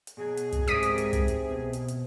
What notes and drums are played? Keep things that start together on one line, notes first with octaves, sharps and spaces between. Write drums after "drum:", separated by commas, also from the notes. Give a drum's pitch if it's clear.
drum: hi-hat
B2 F#3 G#4
drum: hi-hat
drum: kick, hi-hat
G#2 C3 A#4 D5 D#6 B6 D#7, drum: hi-hat
drum: hi-hat
drum: hi-hat
drum: kick, hi-hat
drum: hi-hat
B2
drum: hi-hat
drum: hi-hat